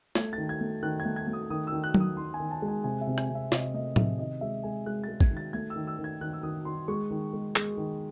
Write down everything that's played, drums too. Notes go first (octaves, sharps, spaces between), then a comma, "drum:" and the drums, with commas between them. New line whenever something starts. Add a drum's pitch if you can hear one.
A3 G#6, drum: snare
D#3 A6
G#6
A3
D#3 F#6
G#6
A3
G#6
A3
D#6
D#3 D#6
E6
D#3
F#6
D#3, drum: tom F#3
D#6
D#3 C6
G#5
D#3
A5
G#3
G#5
C3 G#5
E5
C3
G#5, drum: rim click
C3
E5
C3 D#5, drum: snare
A3 D#5
C3 E5, drum: tom A2
D#3 D#5
G#3 E5
G#3 G#5
G#3 F#6
G#3 A6
G#6, drum: kick A1
D#3
A6
A3 G#6
E6
D#3
E6
D#3
G#6
D#3 F#6
E6
D#3 D#6
D#3 C6
G#3 C#6
D#3
G#3
G#3, drum: clap
D#3